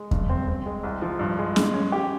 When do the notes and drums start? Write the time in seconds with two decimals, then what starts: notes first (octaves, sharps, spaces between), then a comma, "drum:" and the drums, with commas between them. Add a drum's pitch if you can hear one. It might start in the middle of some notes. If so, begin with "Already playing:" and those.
Already playing: G#3
0.11 G2, drum: kick E2
0.29 C4
0.48 C4
0.66 G#3
0.83 C2
1.02 F3
1.19 G2
1.39 G#3
1.56 G#4, drum: snare
1.74 C#4
1.92 G4